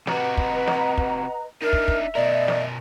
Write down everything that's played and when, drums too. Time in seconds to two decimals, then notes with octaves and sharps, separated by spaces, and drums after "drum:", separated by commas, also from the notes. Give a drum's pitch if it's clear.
0.07 C3 F#4 B4 D#5 F#5 A#5, drum: snare
0.37 drum: kick
0.67 drum: snare
0.98 drum: kick
1.62 D4 D#4 A#4 E5
1.73 drum: kick
1.88 drum: kick
2.15 B2 A#4 D5 D#5
2.48 drum: snare